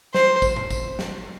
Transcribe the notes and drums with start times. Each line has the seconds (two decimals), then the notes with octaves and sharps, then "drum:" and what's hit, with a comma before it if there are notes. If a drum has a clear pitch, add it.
0.14 C5, drum: snare
0.42 drum: kick, tambourine
0.56 drum: tom A#2
0.70 drum: kick, tambourine
0.99 drum: snare